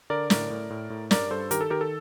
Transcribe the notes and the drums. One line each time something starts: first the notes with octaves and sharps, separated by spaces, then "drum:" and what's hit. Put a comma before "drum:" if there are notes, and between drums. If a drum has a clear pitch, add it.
D3 A#4 D5
A2 A#4 D5, drum: snare
A2
A2
A2
G2 A#4 D5, drum: snare
G2 A4 C5
D#3 G4 A#4, drum: hi-hat
A4
D#3 G4 A#4
A4